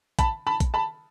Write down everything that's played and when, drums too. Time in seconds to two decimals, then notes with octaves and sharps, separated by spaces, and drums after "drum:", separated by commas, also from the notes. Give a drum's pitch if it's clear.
0.19 A5 B5, drum: kick, hi-hat
0.47 A5 B5
0.60 drum: kick, hi-hat
0.74 A5 B5